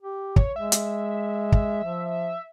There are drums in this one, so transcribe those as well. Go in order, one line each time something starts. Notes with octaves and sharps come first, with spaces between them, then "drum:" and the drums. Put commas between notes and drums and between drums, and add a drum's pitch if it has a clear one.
G4
C#5, drum: kick
G#3 E5
drum: hi-hat
drum: kick
F3